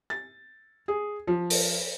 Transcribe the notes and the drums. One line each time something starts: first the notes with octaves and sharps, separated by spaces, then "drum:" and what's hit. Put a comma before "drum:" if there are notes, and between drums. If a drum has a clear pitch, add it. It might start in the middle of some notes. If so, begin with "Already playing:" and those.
A6
G#4
F3
drum: open hi-hat